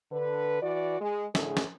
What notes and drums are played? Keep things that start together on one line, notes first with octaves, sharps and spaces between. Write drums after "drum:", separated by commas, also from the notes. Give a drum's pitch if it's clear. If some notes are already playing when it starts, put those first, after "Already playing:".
D3 B4
E3 F#4 D5
G#3
A2 D3 A3 G#4, drum: snare
drum: snare